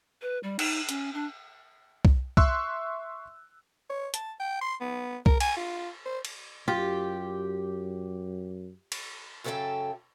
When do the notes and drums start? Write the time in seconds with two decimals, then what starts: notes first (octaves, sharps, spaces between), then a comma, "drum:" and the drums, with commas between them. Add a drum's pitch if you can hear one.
0.22 B4
0.43 G3
0.59 D#4, drum: cymbal
0.89 C#4, drum: hi-hat
1.14 D4
2.05 drum: kick C2
2.37 E5 C6 C#6 E6 F#6, drum: kick C2
3.90 C#5
4.14 A5, drum: hi-hat
4.40 G5
4.61 C6
4.81 B3
5.26 A#4, drum: kick C2
5.40 G#5, drum: cymbal
5.57 F4
6.06 C5
6.25 drum: cymbal
6.68 F#2 F4 G4
8.92 drum: cymbal
9.44 F#2 C#3 A4 E5 G5 A5